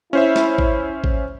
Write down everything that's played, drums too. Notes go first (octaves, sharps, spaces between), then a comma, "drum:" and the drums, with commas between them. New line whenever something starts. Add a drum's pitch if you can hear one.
C#4 E4 C5 E5
drum: snare
drum: kick A1
drum: kick A1